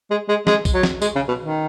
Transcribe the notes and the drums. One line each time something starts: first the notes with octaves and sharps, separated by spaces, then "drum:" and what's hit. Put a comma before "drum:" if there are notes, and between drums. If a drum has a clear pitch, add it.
G#3
G#3
G#3, drum: snare
drum: kick, tambourine
F#3
drum: snare
G#3, drum: tambourine
C#3
B2
D#3